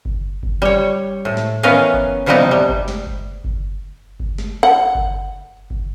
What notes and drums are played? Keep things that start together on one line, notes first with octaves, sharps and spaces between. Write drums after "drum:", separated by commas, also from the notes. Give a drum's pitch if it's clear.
drum: kick F#1
drum: kick F#1
G3 C#5
A2
drum: snare
D#3 E3 B3 C#4 D#5 F5
drum: kick F#1
C3 E3 F3 G3 B3 D#4
G3
drum: kick F#1
drum: snare
drum: kick F#1
drum: kick F#1
drum: kick F#1
drum: snare
F#5
drum: kick F#1
drum: kick F#1